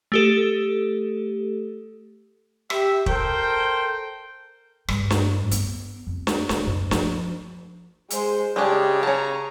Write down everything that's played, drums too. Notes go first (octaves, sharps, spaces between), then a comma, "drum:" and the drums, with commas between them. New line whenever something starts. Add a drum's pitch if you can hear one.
A3 G4 A4
G4 E5, drum: rim click
A4 A#4 C5 G5, drum: kick
G2, drum: rim click
drum: snare
B3, drum: hi-hat
F2
drum: snare
D#3, drum: snare
F#2
F3, drum: snare
G#3 C5, drum: hi-hat
C#3 G#3 D4 G4
C#4 A5 A#5